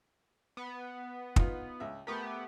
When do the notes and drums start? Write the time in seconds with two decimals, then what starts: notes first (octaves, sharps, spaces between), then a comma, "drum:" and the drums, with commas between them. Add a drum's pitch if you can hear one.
0.57 B3
1.36 D#4 F4, drum: kick
1.80 C#2 E5
2.07 A3 B3 G4 A#4